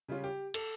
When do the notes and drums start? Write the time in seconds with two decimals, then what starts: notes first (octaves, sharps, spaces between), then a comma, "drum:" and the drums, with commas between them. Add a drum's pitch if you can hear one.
0.08 C#3 G3 C#4 F4
0.24 G4
0.54 A4, drum: cymbal